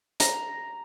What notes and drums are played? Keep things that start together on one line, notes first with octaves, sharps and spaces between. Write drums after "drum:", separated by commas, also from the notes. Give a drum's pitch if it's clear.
A#5, drum: hi-hat